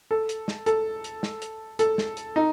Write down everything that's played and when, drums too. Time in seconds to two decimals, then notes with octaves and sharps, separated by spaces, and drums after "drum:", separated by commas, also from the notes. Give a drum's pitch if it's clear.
0.11 A4
0.29 drum: hi-hat
0.48 drum: snare
0.66 A4, drum: hi-hat
1.04 drum: hi-hat
1.23 drum: snare
1.42 drum: hi-hat
1.79 A4, drum: hi-hat
1.98 drum: snare
2.17 drum: hi-hat
2.36 D#4